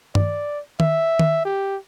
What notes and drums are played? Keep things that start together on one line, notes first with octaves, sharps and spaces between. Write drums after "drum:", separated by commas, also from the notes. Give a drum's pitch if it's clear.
D5, drum: tom G2
E5, drum: tom D#3
drum: tom D#3
G4